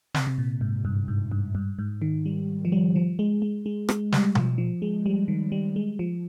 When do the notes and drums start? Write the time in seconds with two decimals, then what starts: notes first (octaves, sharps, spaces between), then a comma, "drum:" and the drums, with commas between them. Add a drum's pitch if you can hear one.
0.15 C3, drum: snare
0.27 C3
0.38 A#2
0.61 G#2
0.85 G2
1.08 G#2
1.32 G2
1.55 G2
1.79 G#2
2.02 D#3
2.26 G3
2.65 F3
2.72 G3
2.96 F3
3.19 G#3
3.42 G#3
3.66 G#3
3.89 G#3, drum: rim click
4.12 G3, drum: snare
4.35 F3, drum: tom B2
4.58 F3
4.82 G#3
5.06 G3
5.28 D#3
5.52 G3
5.76 G#3
5.99 F3